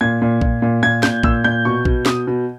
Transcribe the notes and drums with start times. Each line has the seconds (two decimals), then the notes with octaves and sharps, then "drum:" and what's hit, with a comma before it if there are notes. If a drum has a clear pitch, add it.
0.01 A#2 G#6
0.22 A#2
0.41 A#2, drum: kick A#1
0.62 A#2
0.83 A#2 G#6
1.03 A#2 G6, drum: snare
1.23 A#2 E6, drum: kick A#1
1.44 A#2 G6
1.65 B2 C#6
1.85 B2, drum: kick A#1
2.06 B2 D#6, drum: snare
2.27 B2